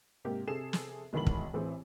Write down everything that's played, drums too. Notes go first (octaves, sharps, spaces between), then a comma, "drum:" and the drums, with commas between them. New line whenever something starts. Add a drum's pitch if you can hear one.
G#2 C3 A#3 G4
C3 G#4 A4 C7 E7
drum: snare
B1 D#3 E3 G#3 B5 F#7
drum: kick
A1 E3 C4 G#4